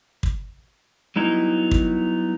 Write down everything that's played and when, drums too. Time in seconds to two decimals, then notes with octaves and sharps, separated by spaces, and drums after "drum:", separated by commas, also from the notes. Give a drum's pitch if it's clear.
0.23 drum: kick
1.16 F#3 G3 B3 D#4 E4
1.71 drum: kick